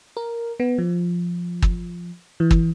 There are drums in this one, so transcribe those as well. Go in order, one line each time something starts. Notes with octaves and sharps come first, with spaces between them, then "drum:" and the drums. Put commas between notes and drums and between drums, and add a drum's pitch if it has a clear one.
A#4
B3
F3
drum: kick
E3
drum: kick